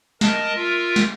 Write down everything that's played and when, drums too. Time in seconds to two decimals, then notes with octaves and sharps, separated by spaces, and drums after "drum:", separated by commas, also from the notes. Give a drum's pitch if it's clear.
0.21 A#4 D#5 A5, drum: snare
0.56 F4 A#4 E5
0.96 drum: snare